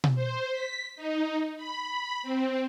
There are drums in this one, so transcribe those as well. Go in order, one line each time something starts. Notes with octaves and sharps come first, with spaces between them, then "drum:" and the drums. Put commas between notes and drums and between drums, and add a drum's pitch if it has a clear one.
drum: tom B2
C5
B6
D#4
B5
C4